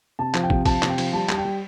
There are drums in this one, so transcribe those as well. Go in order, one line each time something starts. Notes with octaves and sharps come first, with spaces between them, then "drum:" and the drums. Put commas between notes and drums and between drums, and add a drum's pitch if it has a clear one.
C3 A5
F3, drum: clap
G5
C3, drum: kick
F3 A5, drum: kick, cymbal
C3, drum: clap
G5
F3, drum: cymbal
G3 A5
G3 A5, drum: clap
G5
G3